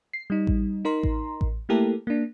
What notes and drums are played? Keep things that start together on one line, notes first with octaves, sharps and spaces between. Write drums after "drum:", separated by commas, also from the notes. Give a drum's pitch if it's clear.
C7
G3 D#4
drum: kick A1
D#4 A#4 A#5 C6
drum: kick A1
drum: kick A1
A3 A#3 E4 G4 A4 A#4
A#3 D4